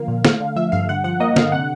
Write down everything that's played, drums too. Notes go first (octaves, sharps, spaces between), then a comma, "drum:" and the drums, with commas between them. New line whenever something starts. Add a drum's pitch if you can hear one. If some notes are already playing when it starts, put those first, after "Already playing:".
Already playing: D3 F3 A#3 F5
A#2
A3 F5, drum: snare
D3
F3 E5
G2 F5
D3 F#5
F3 F#5
A#3 D#5
D3 F5, drum: snare
C3 F#5